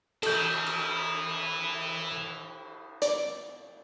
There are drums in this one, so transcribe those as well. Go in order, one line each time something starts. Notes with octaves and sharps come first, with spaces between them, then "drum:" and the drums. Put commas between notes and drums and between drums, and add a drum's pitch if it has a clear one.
E3 E4 A4 G6, drum: cymbal
drum: cymbal
D5, drum: hi-hat